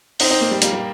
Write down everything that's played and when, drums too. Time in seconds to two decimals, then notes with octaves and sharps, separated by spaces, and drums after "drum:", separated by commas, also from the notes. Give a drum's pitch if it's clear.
0.20 C4 D#4, drum: open hi-hat
0.31 D#4
0.41 A#3
0.51 G3
0.62 G3 A#3, drum: hi-hat
0.73 G3